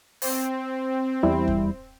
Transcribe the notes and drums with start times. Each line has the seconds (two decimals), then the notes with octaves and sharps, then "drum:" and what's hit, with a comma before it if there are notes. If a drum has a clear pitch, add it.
0.22 C4, drum: open hi-hat
1.23 E2 G3 E4
1.48 drum: kick